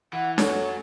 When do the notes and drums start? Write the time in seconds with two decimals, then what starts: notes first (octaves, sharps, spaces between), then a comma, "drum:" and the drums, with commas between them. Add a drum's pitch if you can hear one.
0.13 E3 F#5
0.38 C#4 D#4 F#4 A4 C#5, drum: snare D4